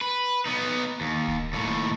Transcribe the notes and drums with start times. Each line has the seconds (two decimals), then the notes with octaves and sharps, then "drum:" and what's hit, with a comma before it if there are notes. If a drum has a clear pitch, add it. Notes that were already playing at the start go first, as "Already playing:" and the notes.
0.01 B4
0.46 B3 D#4
1.01 D#2
1.28 drum: kick D1
1.53 D#2 A2